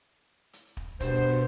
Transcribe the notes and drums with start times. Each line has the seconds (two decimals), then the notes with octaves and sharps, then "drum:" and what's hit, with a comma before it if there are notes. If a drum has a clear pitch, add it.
0.53 drum: hi-hat
0.77 drum: kick
1.00 G2 B2 B3 C5, drum: kick, hi-hat